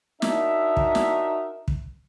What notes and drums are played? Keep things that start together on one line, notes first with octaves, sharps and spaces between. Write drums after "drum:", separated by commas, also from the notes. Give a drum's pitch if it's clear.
D4 D#4 F#4 A#4 E5, drum: snare
drum: kick
drum: snare
drum: kick